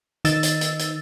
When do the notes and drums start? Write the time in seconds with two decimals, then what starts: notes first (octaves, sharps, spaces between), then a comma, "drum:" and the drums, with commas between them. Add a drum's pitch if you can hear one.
0.25 D#3 D#4 E6 A6, drum: hi-hat
0.43 drum: hi-hat
0.61 drum: hi-hat
0.79 drum: hi-hat